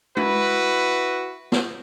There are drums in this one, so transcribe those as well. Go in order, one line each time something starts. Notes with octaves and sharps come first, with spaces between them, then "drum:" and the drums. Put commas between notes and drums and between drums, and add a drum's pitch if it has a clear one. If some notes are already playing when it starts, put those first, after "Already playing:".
E4 F#4 B4, drum: tom G#3
drum: snare